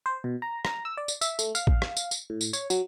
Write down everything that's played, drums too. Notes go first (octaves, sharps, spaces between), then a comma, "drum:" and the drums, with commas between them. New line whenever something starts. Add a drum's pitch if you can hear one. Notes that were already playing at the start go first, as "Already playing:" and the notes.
C5
B2
A#5
A#5, drum: rim click
E6
D5
drum: tambourine
E5, drum: tambourine
A3, drum: tambourine
F5, drum: tambourine
drum: kick A1
drum: rim click
drum: tambourine
drum: tambourine
A2
drum: tambourine
C#5, drum: tambourine
F#3, drum: tambourine